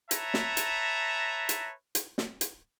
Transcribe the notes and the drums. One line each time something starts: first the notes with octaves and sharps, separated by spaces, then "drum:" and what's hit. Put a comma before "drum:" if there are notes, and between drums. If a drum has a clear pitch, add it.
B4 C#5 E5 A5 A#5, drum: hi-hat
drum: snare
drum: hi-hat
drum: hi-hat
drum: hi-hat
drum: snare
drum: hi-hat